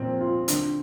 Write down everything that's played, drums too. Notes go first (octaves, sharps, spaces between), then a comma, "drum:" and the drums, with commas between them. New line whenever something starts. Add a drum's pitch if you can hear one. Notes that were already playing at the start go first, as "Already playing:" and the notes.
Already playing: A#2 F3 C4
F4
D3, drum: hi-hat